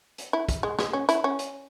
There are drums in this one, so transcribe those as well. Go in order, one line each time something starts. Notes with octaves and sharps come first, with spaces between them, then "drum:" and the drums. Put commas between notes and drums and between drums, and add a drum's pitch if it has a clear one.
drum: hi-hat
E4
drum: kick, hi-hat
G#3
G#3, drum: snare
C#4
E4, drum: hi-hat
C#4
drum: hi-hat